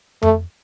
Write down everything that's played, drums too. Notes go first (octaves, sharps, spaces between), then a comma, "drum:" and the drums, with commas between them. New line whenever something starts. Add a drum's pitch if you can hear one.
A3, drum: tom F2